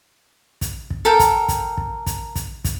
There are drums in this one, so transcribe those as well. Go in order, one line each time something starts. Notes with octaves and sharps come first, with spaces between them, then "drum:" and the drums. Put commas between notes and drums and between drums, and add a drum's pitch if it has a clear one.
drum: kick, hi-hat
drum: kick
A4 A#4 G5
drum: kick, hi-hat
drum: kick, hi-hat
drum: kick
drum: kick, hi-hat
drum: kick, hi-hat
drum: kick, hi-hat